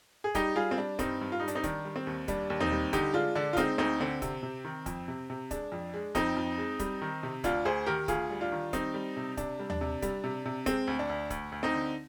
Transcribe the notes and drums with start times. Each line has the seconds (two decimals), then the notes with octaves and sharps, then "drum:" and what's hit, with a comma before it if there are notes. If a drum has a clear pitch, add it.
0.24 G#4
0.35 G3 D#4 G4, drum: kick, hi-hat
0.56 G3 F4 G#4
0.71 C4
0.77 G3 D4
0.99 G2 C4 D#4, drum: kick, hi-hat
1.21 G2
1.32 F4
1.40 G3 D#4
1.48 D4, drum: hi-hat
1.55 C4 D#4
1.63 D#3 D4, drum: kick, hi-hat
1.85 G3
1.96 C4
2.07 D#2
2.28 G3 D4, drum: kick, hi-hat
2.50 D#2
2.60 C4 D#4, drum: tom D#2
2.71 G3
2.93 D3 D#4 G4, drum: kick, hi-hat
3.14 G#3 D4 F4
3.35 D3 D4
3.53 F4
3.57 G#3 C4 D#4, drum: kick, hi-hat
3.78 D2 C4 D#4
4.00 D3 C4
4.22 C3, drum: kick, hi-hat
4.43 C3
4.65 D#3
4.86 F2, drum: kick, hi-hat
5.08 C3
5.30 C3
5.51 G#3 D4, drum: kick, hi-hat
5.72 F2
5.94 G#3
6.15 F2 C4 D#4, drum: kick, hi-hat
6.37 F2
6.58 G#3
6.79 G3, drum: kick, hi-hat
7.02 D#3
7.23 C3
7.44 D2 D4 F4, drum: kick, hi-hat
7.65 D2 G#4 C5
7.86 D#3 G4 A#4
8.08 D2 F4 G#4, drum: kick, hi-hat
8.30 G3
8.41 D4 F4
8.52 D#3
8.73 G3 C4 D#4, drum: kick, hi-hat
8.94 G3
9.17 C3
9.37 C3 D4, drum: kick, hi-hat
9.59 G3
9.70 D4, drum: tom D#2
9.81 C3
10.02 G3, drum: kick, hi-hat
10.24 C3
10.46 C3
10.66 G#3 C4, drum: kick, hi-hat
10.88 D2
10.99 D4
11.09 D2
11.30 D2, drum: kick, hi-hat
11.52 D2
11.63 C4 D#4
11.74 D3